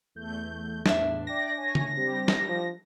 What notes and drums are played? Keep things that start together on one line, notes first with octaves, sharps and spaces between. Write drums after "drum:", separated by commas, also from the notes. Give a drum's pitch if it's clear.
E2 A3 G6
E2 A2 D4 E5, drum: snare
D5 G5 D6 A#6
C#5 G#5
drum: tom C#3
G3 C4 G4
drum: snare
F3